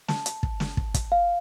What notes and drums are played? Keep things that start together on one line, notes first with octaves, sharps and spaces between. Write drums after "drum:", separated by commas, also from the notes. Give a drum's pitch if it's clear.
A5, drum: snare
drum: hi-hat
drum: kick
drum: snare
drum: kick
drum: kick, hi-hat
F5